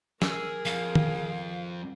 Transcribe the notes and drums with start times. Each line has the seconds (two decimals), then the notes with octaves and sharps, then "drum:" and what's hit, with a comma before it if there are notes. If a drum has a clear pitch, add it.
0.22 G#4 A#4 E6, drum: snare
0.65 F2 F5
0.95 drum: tom D#3